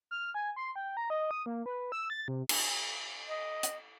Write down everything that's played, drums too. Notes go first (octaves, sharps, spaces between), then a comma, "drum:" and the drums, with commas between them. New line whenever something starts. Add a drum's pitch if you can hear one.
F6
G#5
C6
G5
A#5
D#5
D#6
A#3
B4
E6
A6
C3
drum: cymbal
D#5
drum: hi-hat